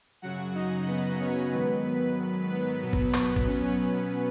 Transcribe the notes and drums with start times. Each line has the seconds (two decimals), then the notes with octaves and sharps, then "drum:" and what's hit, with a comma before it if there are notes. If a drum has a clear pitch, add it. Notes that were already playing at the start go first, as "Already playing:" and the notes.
0.22 F#2 C#3 F#3 F#4 F#5
0.55 D#4 D#5
0.88 B3 B4
1.19 C#4 C#5
1.52 G#2 D#3 F#3 B3 B4
1.84 B3 B4
2.49 B3 B4
2.82 B2 F#3
2.93 drum: kick G#1
3.14 B3 B4, drum: clap
3.36 drum: kick G#1
3.47 C#4